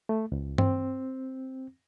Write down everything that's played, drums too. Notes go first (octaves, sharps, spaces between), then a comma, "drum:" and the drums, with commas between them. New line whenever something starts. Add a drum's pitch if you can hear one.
A3
C#2
C4, drum: tom G2